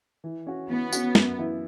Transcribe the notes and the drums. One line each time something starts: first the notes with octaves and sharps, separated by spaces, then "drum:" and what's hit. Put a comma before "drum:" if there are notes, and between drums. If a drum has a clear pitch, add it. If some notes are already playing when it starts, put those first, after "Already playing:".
E3
C#4 F#4
E3 B3
C#4 F#4, drum: tambourine
F#2, drum: snare
E3 B3 E4